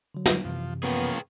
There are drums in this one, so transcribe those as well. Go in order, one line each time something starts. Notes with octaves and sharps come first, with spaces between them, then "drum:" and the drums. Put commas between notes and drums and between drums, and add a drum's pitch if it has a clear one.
D3 F#3
drum: snare
F#2 C3 E3 F3
F3 A#3 B3 C#4 G#4 B4 G5